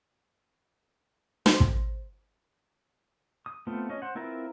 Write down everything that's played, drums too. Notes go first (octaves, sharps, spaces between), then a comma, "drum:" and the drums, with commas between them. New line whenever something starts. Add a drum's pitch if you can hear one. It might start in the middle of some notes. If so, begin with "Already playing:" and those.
C5, drum: snare
drum: kick
D#6
A3 B3 C4 F4
C#4 D#5
C5 F#5
C4 E4 F4 A#4 B4